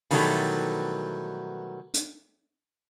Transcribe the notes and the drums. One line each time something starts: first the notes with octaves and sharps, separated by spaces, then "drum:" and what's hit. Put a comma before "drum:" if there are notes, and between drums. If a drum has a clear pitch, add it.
B2 D#3 E3 F#3 G3 A3, drum: open hi-hat
drum: hi-hat